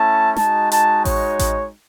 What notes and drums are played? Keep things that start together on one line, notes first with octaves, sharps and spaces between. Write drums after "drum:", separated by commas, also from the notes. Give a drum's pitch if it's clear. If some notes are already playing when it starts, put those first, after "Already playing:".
Already playing: A3 C#4 E4 A5
G#3 D#4 F#4 A5, drum: snare
A5, drum: hi-hat
C#5, drum: kick A1, open hi-hat
drum: kick A1, hi-hat